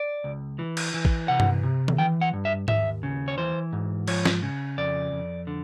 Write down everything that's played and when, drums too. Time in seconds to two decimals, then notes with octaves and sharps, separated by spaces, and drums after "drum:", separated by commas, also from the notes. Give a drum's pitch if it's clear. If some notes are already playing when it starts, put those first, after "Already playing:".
Already playing: D5
0.24 C#2
0.59 E3
0.77 drum: cymbal
0.94 E3
1.05 drum: kick A1
1.28 C3 F#5
1.40 drum: tom G2
1.63 C3
1.88 drum: tom D#3
1.98 E3 G5
2.21 F#5
2.33 G2
2.45 E5
2.68 D#2 E5, drum: tom G#2
3.03 C#3
3.28 C#5
3.38 E3 C5
3.73 G#2
4.07 F3 C#5, drum: cymbal
4.25 drum: snare
4.42 C#3
4.77 F2 D5
5.12 F2
5.47 D3